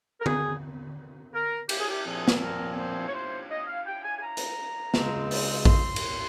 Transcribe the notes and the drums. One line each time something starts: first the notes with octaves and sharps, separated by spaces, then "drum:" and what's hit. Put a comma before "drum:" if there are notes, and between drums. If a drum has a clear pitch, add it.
A#4
G#4, drum: tom D3
A#4
G4, drum: cymbal
G#4
G4
A#2 F3 C4 G#4
drum: snare
A#4
C5
C#5
C5
D#5
F5
G5
G#5
G#5
A#5
drum: hi-hat
C#2 C#3 G#3 C4, drum: snare
drum: open hi-hat
C6, drum: kick A1
drum: cymbal